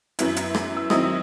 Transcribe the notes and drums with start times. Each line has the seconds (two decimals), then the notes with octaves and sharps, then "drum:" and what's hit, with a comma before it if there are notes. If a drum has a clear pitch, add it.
0.19 F#2 F#3 B3 E4, drum: hi-hat
0.36 drum: hi-hat
0.54 drum: rim click
0.77 E6
0.90 D#3 F#3 C4 E4 D#5 D#6, drum: rim click